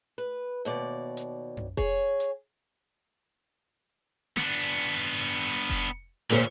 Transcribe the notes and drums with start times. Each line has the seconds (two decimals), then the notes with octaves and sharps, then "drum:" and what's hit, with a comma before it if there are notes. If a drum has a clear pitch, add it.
0.18 B4
0.65 D#2 B2 D5
1.17 drum: hi-hat
1.57 drum: tom F#2
1.77 G#4 C#5, drum: kick F1
2.20 drum: hi-hat
4.37 B3 D4, drum: snare
5.70 drum: kick F1
6.30 A#2 D3 C#4 A#4 C5